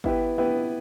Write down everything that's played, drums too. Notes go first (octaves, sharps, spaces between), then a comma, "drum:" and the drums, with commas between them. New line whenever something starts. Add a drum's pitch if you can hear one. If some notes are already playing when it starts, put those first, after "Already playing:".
B3 E4 G4 B4, drum: kick G#1
B3 E4 G4 B4